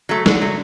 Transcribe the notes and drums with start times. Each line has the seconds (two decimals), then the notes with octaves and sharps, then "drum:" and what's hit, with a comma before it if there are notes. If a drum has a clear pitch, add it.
0.09 F#3 A3
0.26 D3, drum: snare
0.41 F#3 A3